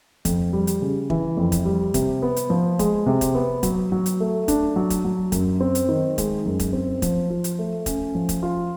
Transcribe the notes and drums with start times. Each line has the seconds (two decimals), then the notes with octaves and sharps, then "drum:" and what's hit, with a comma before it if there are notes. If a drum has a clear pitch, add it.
0.25 F2, drum: kick E1, hi-hat
0.53 G3
0.67 drum: hi-hat
0.82 C#3
1.10 E3, drum: kick E1
1.37 F2
1.52 drum: kick E1, hi-hat
1.65 G3
1.94 C3, drum: kick E1, hi-hat
2.22 B3
2.36 drum: hi-hat
2.50 F3
2.79 G#3, drum: kick E1, hi-hat
3.06 C3
3.21 drum: kick E1, hi-hat
3.35 B3
3.63 F#3, drum: kick E1, hi-hat
3.92 F#3
4.06 drum: hi-hat
4.20 A3
4.48 D4, drum: kick E1, hi-hat
4.76 F#3
4.90 drum: kick E1, hi-hat
5.05 F#3
5.32 F#2, drum: kick E1, hi-hat
5.61 C4
5.75 drum: hi-hat
5.89 D#3
6.18 G#3, drum: kick E1, hi-hat
6.46 F#2
6.59 drum: kick E1, hi-hat
6.73 C4
7.02 F3, drum: kick E1, hi-hat
7.30 F4
7.44 drum: hi-hat
7.59 A3
7.86 C#4, drum: kick E1, hi-hat
8.15 F3
8.29 drum: kick E1, hi-hat
8.43 F4